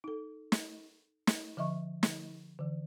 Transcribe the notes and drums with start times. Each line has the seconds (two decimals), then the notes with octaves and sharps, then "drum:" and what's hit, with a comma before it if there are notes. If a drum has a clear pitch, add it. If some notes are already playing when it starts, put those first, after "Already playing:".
0.04 D#4 A4
0.52 drum: snare
1.27 drum: snare
1.57 D3 F3 D#5 E5 C#6
2.03 drum: snare
2.59 D3 E3